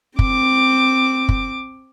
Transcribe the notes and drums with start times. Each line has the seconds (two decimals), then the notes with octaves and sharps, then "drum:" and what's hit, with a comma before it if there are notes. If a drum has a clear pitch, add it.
0.19 C4 D6, drum: kick
1.29 drum: kick